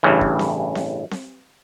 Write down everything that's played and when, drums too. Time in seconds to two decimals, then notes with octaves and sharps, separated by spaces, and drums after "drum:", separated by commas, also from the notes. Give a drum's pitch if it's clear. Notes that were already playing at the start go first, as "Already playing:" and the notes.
0.03 A1 G2 C#3 E3
0.21 drum: kick
0.39 drum: snare C4
0.75 drum: snare C4
1.11 drum: snare C4